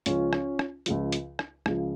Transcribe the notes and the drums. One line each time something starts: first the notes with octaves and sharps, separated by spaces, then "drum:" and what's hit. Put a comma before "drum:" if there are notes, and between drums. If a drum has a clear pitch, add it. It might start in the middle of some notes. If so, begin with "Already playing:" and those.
C#2 C#3 F3 C#4 F4, drum: hi-hat
drum: rim click
drum: rim click
C#2 C#3 F3, drum: hi-hat
drum: hi-hat
drum: rim click
C#2 C#3 F3, drum: rim click